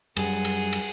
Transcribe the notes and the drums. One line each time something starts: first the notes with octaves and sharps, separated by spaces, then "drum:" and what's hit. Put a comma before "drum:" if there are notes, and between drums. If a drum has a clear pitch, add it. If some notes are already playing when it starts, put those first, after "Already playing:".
F#2 G3 G#4 F#5, drum: cymbal
drum: cymbal
drum: cymbal